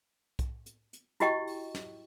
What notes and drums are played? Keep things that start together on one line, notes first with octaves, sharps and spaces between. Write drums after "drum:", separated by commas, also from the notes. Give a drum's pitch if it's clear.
drum: kick B1, hi-hat
drum: hi-hat
drum: hi-hat
E4 F#4 G4 D#5 G5 C#6, drum: hi-hat
drum: open hi-hat
drum: snare